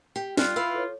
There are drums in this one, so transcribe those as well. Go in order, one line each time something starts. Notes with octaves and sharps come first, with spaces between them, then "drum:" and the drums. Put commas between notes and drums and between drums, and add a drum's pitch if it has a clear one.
G4 G5
G3 F4 F6 F#6, drum: snare
E4 B4 F5 E6
A4 C#5